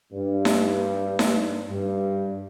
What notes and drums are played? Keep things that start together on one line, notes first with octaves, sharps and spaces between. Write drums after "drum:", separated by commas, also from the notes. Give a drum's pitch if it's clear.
G2
drum: snare D#4
drum: snare D#4
G2